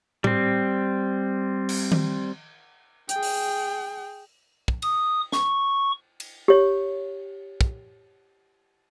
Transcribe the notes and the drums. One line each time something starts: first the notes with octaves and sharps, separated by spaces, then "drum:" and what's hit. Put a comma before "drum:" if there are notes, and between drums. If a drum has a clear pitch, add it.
G3 C4, drum: tom A2
drum: cymbal
drum: tom D#3
G#4 G5, drum: hi-hat
drum: open hi-hat
drum: kick
D#6, drum: cymbal
C#6, drum: snare
drum: cymbal
G4 C#5
drum: kick